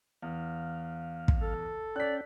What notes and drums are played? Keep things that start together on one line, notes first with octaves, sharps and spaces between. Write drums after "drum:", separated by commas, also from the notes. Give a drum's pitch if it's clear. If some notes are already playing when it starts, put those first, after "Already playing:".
E2 F5
drum: kick
A4
C#4 D5 G5 F#6 B6